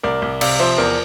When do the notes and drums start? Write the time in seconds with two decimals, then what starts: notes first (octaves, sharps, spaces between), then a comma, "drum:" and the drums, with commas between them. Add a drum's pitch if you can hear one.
0.03 C2 A#4 D5
0.22 C2
0.41 C3 D5 F5, drum: cymbal
0.59 F3 C5 E5
0.78 E2 A#4 D5